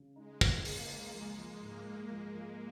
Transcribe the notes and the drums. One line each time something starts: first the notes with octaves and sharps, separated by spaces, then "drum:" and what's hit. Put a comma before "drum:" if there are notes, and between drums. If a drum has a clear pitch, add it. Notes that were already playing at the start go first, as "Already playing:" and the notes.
Already playing: C#3
G#3 D#4
F2, drum: kick
C#2 A#3, drum: open hi-hat
C#2
F3 G#3
F3
G#2 A#3
G#2
F3
F3